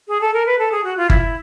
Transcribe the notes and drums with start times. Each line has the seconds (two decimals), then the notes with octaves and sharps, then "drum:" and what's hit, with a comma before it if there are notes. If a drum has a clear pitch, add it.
0.08 G#4
0.21 A4
0.34 A#4
0.46 B4
0.59 A4
0.72 G#4
0.84 F#4
0.97 F4
1.10 E4, drum: kick G1